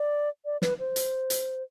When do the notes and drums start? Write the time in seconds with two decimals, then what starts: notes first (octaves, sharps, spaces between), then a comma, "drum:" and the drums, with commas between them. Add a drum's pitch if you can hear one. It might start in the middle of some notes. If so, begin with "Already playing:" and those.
Already playing: D5
0.45 D5
0.62 B4, drum: snare
0.79 C5
0.96 drum: hi-hat
1.30 drum: hi-hat